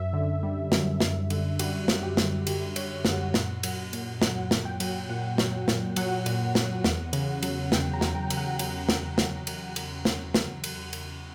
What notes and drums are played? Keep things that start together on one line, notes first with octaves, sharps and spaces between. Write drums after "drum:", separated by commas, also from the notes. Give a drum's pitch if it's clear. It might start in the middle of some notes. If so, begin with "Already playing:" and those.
Already playing: F#2 E5
D3
G3
F#2, drum: snare
F#2, drum: snare
D3, drum: cymbal
G3 F#4, drum: cymbal
F#2, drum: snare
G4
F#2, drum: snare
D3 G4, drum: cymbal
G3 C#5, drum: cymbal
F#2 F#5, drum: snare
A#2 F#5, drum: snare
F#3, drum: cymbal
A#2, drum: cymbal
F#3 F#5, drum: snare
A#2, drum: snare
G5
F#3, drum: cymbal
A#2 F#5
F#3, drum: snare
A#2, drum: snare
F#3 F#5, drum: cymbal
A#2, drum: cymbal
F#3, drum: snare
E2, drum: snare
C#3, drum: cymbal
F#3, drum: cymbal
E2 G5, drum: snare
A#5
E2, drum: snare
G5
C#3, drum: cymbal
F#5
F#3 G5, drum: cymbal
drum: snare
drum: snare
drum: cymbal
drum: cymbal
drum: snare
drum: snare
drum: cymbal
drum: cymbal